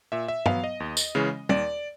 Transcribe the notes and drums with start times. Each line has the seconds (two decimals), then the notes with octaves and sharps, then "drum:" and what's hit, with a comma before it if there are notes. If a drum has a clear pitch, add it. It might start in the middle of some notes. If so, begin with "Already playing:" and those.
0.12 A#2 E5
0.28 E5
0.46 F#3 B3 F5, drum: tom
0.64 D#5
0.80 D#2
0.97 drum: tambourine
1.15 C#3 E3 G#3 C#4
1.49 D#2 D5, drum: tom